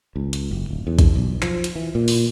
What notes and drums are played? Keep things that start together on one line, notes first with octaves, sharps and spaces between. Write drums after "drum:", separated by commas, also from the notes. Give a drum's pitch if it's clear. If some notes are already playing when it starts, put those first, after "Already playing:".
C#2
drum: hi-hat
F#1
D1
E2
drum: kick A#1, hi-hat
B1
F3, drum: clap
drum: hi-hat
E3
A#2
drum: open hi-hat